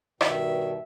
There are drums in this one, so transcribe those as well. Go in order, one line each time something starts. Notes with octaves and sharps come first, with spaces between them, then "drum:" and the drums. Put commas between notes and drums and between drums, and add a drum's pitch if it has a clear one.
G2 B2 D#3 E5, drum: rim click